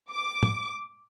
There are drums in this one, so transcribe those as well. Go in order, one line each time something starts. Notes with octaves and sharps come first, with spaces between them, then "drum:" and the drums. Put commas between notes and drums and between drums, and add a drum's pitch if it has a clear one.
D6
drum: tom